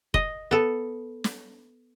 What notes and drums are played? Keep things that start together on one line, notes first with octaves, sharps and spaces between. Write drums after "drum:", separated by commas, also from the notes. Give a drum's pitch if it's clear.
D#5, drum: kick F1
B3 A4
drum: snare